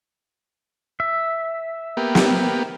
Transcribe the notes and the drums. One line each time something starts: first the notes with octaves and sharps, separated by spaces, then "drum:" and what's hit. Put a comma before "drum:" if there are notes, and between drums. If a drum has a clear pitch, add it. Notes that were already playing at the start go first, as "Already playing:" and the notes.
E5
A#3 B3 G4
drum: snare